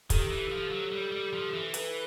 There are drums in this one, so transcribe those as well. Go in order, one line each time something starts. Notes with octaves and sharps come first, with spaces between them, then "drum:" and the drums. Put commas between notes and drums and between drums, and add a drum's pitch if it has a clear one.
D#3 G4 A4, drum: kick, hi-hat
E3
F3
F#3
G3
G3
F3
E3
A4 B4, drum: hi-hat